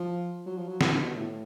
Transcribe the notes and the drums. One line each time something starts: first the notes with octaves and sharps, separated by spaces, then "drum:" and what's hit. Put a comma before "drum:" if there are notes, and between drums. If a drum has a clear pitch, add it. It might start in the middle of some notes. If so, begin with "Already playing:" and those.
Already playing: F3
F#3
F3
F#3
F3, drum: snare
D3
B2
A2